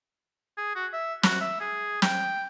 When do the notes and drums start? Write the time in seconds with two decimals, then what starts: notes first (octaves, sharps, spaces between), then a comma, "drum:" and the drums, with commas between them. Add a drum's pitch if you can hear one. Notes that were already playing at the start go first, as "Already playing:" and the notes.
0.57 G#4
0.76 F#4
0.93 E5
1.23 F#4, drum: snare
1.41 E5
1.60 G#4
2.02 G5, drum: snare